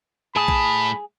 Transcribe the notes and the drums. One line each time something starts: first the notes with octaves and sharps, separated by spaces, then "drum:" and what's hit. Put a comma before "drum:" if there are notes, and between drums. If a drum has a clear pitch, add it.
A2 G#4 A5 B5
drum: kick A#1